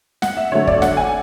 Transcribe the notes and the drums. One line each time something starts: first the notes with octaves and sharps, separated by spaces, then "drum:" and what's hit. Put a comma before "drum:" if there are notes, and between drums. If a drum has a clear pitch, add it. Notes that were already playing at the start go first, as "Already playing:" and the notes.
F#5, drum: snare
E5
D3 F#3 A3 C#5
D5, drum: kick
F#5, drum: snare
G#5